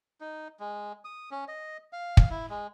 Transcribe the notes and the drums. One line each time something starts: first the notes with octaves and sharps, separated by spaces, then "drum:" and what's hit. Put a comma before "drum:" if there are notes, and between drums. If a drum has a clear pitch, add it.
D#4
G#3
D#6
C#4
D#5
F5
drum: kick
E4
G#3